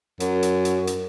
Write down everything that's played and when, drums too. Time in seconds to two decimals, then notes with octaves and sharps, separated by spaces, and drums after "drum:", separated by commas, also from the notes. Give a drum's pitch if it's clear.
0.20 F#2, drum: hi-hat
0.43 drum: hi-hat
0.65 drum: hi-hat
0.87 drum: hi-hat